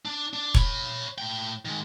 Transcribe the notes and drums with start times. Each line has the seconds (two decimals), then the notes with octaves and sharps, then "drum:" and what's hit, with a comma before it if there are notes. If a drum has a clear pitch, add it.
0.05 D4
0.33 D4
0.55 C#5 B5, drum: kick E1
1.18 A2 G5
1.65 D#3 G#3